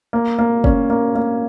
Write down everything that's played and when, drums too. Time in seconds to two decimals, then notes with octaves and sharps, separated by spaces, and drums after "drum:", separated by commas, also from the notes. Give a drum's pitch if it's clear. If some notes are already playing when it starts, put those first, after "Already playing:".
0.13 A#3
0.39 A#3
0.64 C#4, drum: kick
0.90 A#3
1.15 A#3